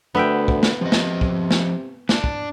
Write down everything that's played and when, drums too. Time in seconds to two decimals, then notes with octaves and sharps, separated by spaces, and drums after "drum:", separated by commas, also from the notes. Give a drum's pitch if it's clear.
0.15 D2 B3 E5 G5
0.48 drum: kick
0.63 drum: snare
0.81 C3 F3 D#5
0.92 drum: snare
1.21 drum: kick
1.51 drum: snare
2.09 D4, drum: snare
2.24 drum: kick